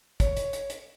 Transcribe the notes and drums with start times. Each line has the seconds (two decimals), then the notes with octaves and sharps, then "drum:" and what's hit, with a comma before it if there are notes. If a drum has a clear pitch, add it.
0.20 C#5, drum: kick, hi-hat
0.37 drum: hi-hat
0.53 drum: hi-hat
0.70 drum: hi-hat